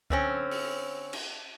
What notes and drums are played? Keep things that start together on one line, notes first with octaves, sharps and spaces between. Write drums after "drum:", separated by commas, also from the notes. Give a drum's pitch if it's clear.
D3 C4 C#4, drum: kick C#2
drum: open hi-hat
drum: cymbal